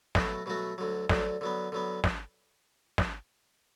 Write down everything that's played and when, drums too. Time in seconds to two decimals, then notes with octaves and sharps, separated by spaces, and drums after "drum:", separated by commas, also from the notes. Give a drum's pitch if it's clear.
0.15 B2 F#3 A3 F#4, drum: snare
0.46 B2 F#3 A3 F#4
0.78 D2 D3 F#3
1.09 D2 D3 F#3, drum: snare
1.41 D3 F#3 B3
1.72 D3 F#3 B3
2.04 drum: snare
2.98 drum: snare